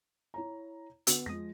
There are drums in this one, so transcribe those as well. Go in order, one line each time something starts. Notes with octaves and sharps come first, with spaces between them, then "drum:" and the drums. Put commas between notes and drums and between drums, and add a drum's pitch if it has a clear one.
E4 C#5 A#5
D3 B3 F#4 E6, drum: hi-hat
F2 F3 G#3 D#6 A#6